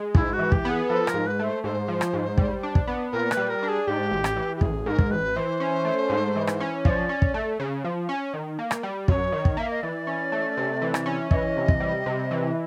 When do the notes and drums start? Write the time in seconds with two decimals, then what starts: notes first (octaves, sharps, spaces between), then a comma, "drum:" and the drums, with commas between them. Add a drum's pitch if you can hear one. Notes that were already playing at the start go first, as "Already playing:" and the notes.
Already playing: G#3
0.15 G#2 E4, drum: kick
0.33 F#4
0.39 E3
0.52 G4, drum: kick
0.65 B3
0.70 G#4
0.89 F3 A4
1.07 A#4, drum: rim click
1.14 G#2
1.27 B4
1.39 A3
1.44 C5
1.64 G#2 C5
1.88 F3
2.01 drum: rim click
2.13 G#2
2.38 G3, drum: kick
2.63 D4
2.75 drum: kick
2.87 B3
3.12 A#2 A#4
3.31 B4, drum: rim click
3.37 G3
3.49 A#4
3.63 D4
3.68 G#4
3.87 G#2 G4
4.11 A1
4.24 drum: rim click
4.36 E3
4.56 G4
4.61 A1 G#4, drum: kick
4.86 G#2 A#4
4.99 drum: kick
5.10 A1 B4
5.36 E3 C5
5.60 C#4
5.85 A3
6.10 G#2
6.36 E3
6.47 drum: rim click
6.60 C#4
6.85 F3 D5, drum: kick
7.09 C#4
7.22 drum: kick
7.34 A3
7.60 C#3
7.84 F3
8.09 C#4
8.34 D#3
8.59 A#3
8.71 drum: rim click
8.83 G3
9.08 F#2 C#5, drum: kick
9.32 D#3
9.45 drum: kick
9.57 A#3 E5
9.71 D#5
9.83 E3 D5
10.07 C#4
10.32 A3
10.57 C3
10.82 E3
10.94 drum: rim click
11.06 C#4
11.31 E3 D#5, drum: kick
11.57 C3
11.68 drum: kick
11.80 G3
12.06 C3
12.31 E3